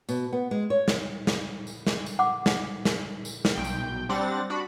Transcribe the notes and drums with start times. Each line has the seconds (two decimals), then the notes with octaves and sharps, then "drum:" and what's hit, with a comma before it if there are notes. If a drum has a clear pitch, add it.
0.09 B2, drum: tambourine
0.32 B3
0.51 G#3
0.70 C#5
0.88 drum: snare
1.27 drum: snare
1.67 drum: tambourine
1.87 drum: snare
2.06 drum: tambourine
2.19 F#5 D6
2.46 drum: snare
2.85 drum: snare
3.25 drum: tambourine
3.45 drum: snare
3.55 B1 G5
3.65 drum: tambourine
4.09 G3 C4 D4 F#5 A6 A#6
4.50 D4 F#4 B5